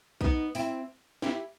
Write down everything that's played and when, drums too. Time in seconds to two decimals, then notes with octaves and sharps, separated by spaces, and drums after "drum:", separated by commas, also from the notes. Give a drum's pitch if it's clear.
0.21 B3 D#4, drum: kick B1
0.55 C4 E4, drum: open hi-hat
1.22 E4 G4, drum: snare